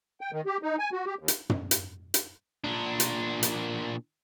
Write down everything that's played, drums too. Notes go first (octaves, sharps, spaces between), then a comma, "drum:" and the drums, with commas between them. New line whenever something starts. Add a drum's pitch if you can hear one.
G5
D#3
G4
D#4
G#5
F#4
G4
D#2
drum: hi-hat
drum: tom
drum: hi-hat
drum: hi-hat
A#2 D4
drum: hi-hat
drum: hi-hat